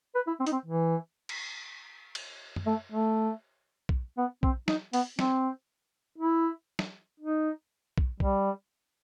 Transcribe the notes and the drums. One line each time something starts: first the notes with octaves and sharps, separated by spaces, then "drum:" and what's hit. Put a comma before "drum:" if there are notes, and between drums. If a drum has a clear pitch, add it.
B4
E4
C4
D#4, drum: hi-hat
C4
E3
drum: cymbal
drum: cymbal
drum: tom F#2
A3
A3
drum: kick
B3
C4, drum: kick
D#4, drum: snare
B3, drum: open hi-hat
C4, drum: snare
E4
drum: snare
D#4
drum: kick
G3, drum: kick